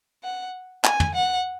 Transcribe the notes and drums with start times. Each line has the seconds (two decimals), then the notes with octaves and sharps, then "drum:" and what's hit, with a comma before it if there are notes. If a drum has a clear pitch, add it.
0.23 F#5
0.84 G#5, drum: clap
1.00 drum: tom
1.15 F#5